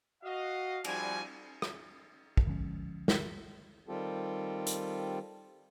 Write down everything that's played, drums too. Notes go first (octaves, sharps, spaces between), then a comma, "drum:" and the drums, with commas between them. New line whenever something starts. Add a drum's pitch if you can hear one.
F#4 D#5 F5
F3 G3 E4 F#4 D5 G#5, drum: cymbal
drum: rim click
drum: kick
D3 F3 G#3 C#4
drum: snare
D#3 G3 C4 F4 G4 A4
drum: hi-hat